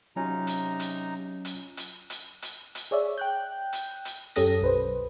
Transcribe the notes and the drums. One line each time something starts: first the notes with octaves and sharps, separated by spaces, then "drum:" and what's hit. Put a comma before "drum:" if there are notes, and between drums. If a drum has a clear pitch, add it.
C3 F#3 C#4 D#4 F4 A#5
drum: hi-hat
drum: hi-hat
drum: hi-hat
drum: hi-hat
drum: hi-hat
drum: hi-hat
drum: hi-hat
G#4 C#5 D5 E5
G5 F#6 G6
drum: hi-hat
drum: hi-hat
F#2 C#4 G4 A4 D#6 A#6, drum: hi-hat
B1 B4 C5